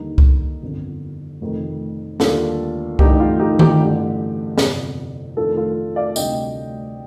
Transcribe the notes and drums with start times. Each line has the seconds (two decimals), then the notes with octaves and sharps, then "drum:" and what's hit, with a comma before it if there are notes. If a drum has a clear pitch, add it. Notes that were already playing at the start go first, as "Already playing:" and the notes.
Already playing: D#2 D3 G3 D#4
0.18 drum: kick C2
0.62 G1 F2 D3
1.41 F1 F2 D#3 A3
2.20 D#2 D3 G3 D4 F4 A4, drum: snare
2.99 A1 G2 D3 A3 D#4 G4, drum: kick C2
3.20 F4
3.39 D#4 G4
3.59 D#4 G4, drum: tom D#3
3.79 A1 G2 D3 G3
4.58 G1 F2 C3, drum: snare
5.37 F1 F2 D#3 A3 D4 F4 A4
5.56 F4 A4
5.96 D5 F5
6.16 D2 C3 G3 D4 D#5 G5, drum: tambourine